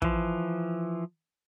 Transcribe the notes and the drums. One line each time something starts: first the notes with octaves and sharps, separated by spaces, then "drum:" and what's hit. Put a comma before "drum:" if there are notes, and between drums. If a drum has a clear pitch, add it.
E3 F3, drum: kick